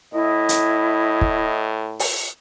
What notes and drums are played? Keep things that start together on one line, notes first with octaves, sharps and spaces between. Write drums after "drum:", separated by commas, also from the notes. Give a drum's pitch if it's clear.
A2 E4 D#5
drum: hi-hat
drum: kick
drum: open hi-hat